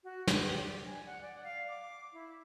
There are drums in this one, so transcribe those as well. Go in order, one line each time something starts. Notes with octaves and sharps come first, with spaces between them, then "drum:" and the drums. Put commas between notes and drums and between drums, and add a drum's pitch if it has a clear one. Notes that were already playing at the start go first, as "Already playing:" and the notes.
F#4
B4, drum: snare
G4
D5
G#5
F#5
D5
F5
D6
E4